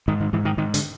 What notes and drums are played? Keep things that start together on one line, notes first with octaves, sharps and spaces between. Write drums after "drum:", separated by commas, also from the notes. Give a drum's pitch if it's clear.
G#2 D#3
D#3
G#2 E3
D#3
G#2 D#3
D3, drum: hi-hat